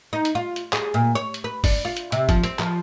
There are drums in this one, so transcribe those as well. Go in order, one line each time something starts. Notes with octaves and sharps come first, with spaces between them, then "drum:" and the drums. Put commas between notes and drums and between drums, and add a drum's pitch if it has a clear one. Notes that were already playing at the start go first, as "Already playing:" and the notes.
D#4
drum: hi-hat
F4
drum: hi-hat
G#4, drum: clap
A#2
C#5
drum: hi-hat
B4
D4, drum: kick G1, open hi-hat
F4
drum: hi-hat
C3, drum: hi-hat
F3, drum: kick G1, hi-hat
C4, drum: hi-hat
F3, drum: clap